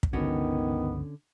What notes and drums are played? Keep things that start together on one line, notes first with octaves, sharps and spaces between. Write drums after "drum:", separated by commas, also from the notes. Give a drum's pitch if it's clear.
drum: kick
G1 C#2 D3 D#3 F3 B3 C#4 F#4